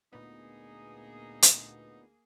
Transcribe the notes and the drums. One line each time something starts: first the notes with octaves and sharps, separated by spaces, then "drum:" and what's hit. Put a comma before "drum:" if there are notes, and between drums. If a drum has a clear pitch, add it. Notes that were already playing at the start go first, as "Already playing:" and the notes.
D2 A#2 A#3 B3 D#4 G#4
drum: hi-hat